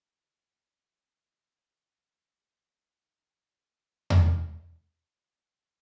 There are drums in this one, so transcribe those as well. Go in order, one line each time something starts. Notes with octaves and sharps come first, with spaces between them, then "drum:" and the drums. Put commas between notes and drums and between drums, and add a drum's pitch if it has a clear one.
E4 F#5
D#4 G5
drum: tom E2